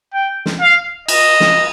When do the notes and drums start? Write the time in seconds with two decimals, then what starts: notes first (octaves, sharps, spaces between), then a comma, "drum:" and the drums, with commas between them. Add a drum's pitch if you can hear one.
0.14 G5
0.46 drum: snare
0.61 F5
1.08 D#5, drum: cymbal
1.40 drum: snare